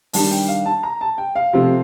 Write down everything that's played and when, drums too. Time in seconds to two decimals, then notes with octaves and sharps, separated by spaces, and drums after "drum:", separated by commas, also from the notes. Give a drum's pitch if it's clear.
0.13 D#3 G3 D4 A5, drum: open hi-hat
0.31 G5
0.48 F5
0.65 A5
0.83 A#5
1.01 A5
1.18 G5
1.36 F5
1.53 C3 F3 A3 C4